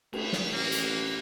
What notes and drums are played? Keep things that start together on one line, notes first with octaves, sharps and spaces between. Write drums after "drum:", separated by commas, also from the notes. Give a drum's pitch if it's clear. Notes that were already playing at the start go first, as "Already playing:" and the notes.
A3, drum: cymbal
drum: snare
A1 A#3
drum: hi-hat